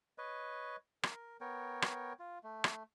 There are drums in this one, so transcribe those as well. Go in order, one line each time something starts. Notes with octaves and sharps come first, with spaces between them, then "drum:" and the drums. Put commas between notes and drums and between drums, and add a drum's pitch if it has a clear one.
B4 C#5 D#5
A#4, drum: rim click
B3 A#4 C#5 G5
drum: rim click
F4
A3
drum: rim click